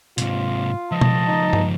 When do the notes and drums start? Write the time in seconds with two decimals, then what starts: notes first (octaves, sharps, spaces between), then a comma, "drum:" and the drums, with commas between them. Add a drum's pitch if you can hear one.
0.18 G#2 C3 F4, drum: hi-hat
0.92 C#2 F3 A3 D#5 A5
1.01 drum: tom B2
1.28 D#4
1.53 drum: tom G2